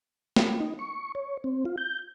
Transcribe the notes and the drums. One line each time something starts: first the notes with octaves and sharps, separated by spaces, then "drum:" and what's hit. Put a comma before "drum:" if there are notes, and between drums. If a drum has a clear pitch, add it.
drum: snare
D#4
C#6
C#5
C4
F4
G6